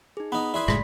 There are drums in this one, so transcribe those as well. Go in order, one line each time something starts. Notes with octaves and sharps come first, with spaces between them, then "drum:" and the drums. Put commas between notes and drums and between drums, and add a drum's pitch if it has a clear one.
D#4 G#4
B3 D#4 B5
E4 G#4 B4 D5 B5 C6
F#1 A2 G#3 B6, drum: rim click